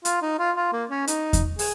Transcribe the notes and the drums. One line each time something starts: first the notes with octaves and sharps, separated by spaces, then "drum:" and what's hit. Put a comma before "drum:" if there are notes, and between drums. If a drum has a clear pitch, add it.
F4, drum: hi-hat
D#4
F4
F4
A#3
C#4
D#4, drum: hi-hat
drum: kick E2, hi-hat
G#4, drum: open hi-hat